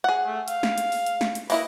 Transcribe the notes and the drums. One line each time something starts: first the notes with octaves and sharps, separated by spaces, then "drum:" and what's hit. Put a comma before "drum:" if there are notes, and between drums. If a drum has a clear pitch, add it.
G#4 F#5
A3
F5, drum: hi-hat
drum: snare
drum: hi-hat
drum: open hi-hat
drum: hi-hat
drum: snare
drum: hi-hat
A#3 E4 B4 D#5, drum: open hi-hat